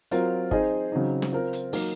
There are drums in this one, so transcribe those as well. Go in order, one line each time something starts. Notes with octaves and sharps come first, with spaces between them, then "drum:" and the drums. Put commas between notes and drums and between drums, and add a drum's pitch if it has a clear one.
F#3 C4 F4 A#4, drum: hi-hat
C4 D#4 G#4 C5 D#5, drum: kick G1
C#3 F#3 C4 D#4
drum: snare
C4 F4 A#4
drum: hi-hat
F#3 A#3 D#4 A#4, drum: open hi-hat